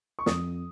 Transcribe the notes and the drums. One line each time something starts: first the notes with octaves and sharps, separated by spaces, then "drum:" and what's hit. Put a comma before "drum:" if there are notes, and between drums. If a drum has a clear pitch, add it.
C#6
F2 D#6, drum: snare